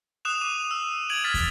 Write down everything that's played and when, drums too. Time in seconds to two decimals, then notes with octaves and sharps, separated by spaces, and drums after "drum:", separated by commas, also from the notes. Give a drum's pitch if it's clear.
0.25 D#6 F#6 E7 F7
0.41 D6 D#7
0.71 E6
1.09 G#6 D7 F7 F#7
1.24 F6 A6 B6
1.34 drum: kick, open hi-hat